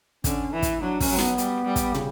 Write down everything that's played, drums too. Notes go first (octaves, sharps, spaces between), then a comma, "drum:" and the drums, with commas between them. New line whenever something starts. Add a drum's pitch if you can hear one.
D3 C#4, drum: kick, hi-hat
E3 E4
drum: kick, hi-hat
F#3 D4
C#4, drum: kick, open hi-hat
F#3
B3, drum: snare
G3, drum: hi-hat
G3
drum: kick, hi-hat
C#3, drum: tom